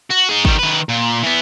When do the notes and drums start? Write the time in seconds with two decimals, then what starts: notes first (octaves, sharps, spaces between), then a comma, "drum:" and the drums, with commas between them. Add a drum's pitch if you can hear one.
0.10 F#4
0.29 D#4 G#4
0.45 D#3 G3, drum: kick
0.59 D#3 B4
0.89 A#2
1.23 E3 B3